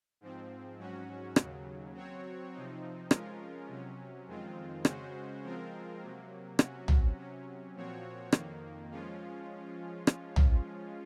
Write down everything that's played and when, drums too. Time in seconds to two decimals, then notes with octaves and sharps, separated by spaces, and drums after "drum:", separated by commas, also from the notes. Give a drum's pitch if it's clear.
0.21 G#2 F3 C4
0.79 G#2 F#3 C#4 F#4
1.36 D#2 C#3 F#3, drum: rim click
1.95 F#3 C4 F#4 C#5
2.53 C3 F3 C4 D#4
3.11 F3 G#3 C#4 F4 A#4, drum: rim click
3.68 C3 F#3 C#4
4.27 F2 D#3 G#3 C4 F4
4.85 C#3 G#3 C#4 F#4 C5, drum: rim click
5.43 F3 G#3 C4 F4 A#4
6.02 C3 F#3 A#3
6.59 C3 F#3 C#4 F#4, drum: rim click
6.88 drum: tom
7.16 C3 F#3 C#4
7.75 A#2 F3 C4 F#4 C#5
8.33 F2 D#3 A#3, drum: rim click
8.91 F3 G#3 C#4 F4
10.07 drum: rim click
10.36 drum: tom